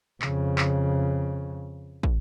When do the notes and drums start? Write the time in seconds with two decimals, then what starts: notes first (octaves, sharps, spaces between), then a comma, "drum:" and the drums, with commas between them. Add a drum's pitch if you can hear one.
0.22 F2 C#3, drum: clap
0.58 drum: clap
2.03 drum: kick